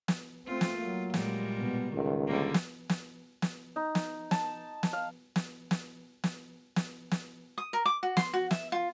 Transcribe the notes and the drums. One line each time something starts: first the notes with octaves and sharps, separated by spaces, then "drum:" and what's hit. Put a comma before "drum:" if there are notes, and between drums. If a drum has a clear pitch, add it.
drum: snare
A3 C4 F4
drum: snare
F#3 A#3
A#2 G3 G#3, drum: snare
B2
C#2 D#3
D3 G3 A#3
drum: snare
drum: snare
drum: snare
D#4
drum: snare
A5, drum: snare
drum: snare
F5
drum: snare
drum: snare
drum: snare
drum: snare
drum: snare
D#6
A#4
D6
F#4
C6, drum: snare
F#4
E5, drum: snare
F4